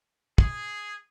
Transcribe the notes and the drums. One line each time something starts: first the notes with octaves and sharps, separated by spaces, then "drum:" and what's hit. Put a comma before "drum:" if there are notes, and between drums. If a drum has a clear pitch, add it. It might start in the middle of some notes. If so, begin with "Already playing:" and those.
G#4, drum: kick